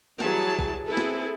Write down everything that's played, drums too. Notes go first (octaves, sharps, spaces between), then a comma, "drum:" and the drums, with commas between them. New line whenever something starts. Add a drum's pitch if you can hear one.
E3 F#3 G3 G#4 A5, drum: snare
drum: kick
C4 E4 G#4 A4 B4
drum: snare